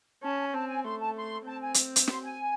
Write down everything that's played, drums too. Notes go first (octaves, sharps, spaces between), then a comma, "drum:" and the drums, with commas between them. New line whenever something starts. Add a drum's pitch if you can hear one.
C#4 A5
C4 A5
G#5
A3 C6
A5
C6
C4 A5
G#5
drum: hi-hat
drum: hi-hat
C6, drum: snare
G#5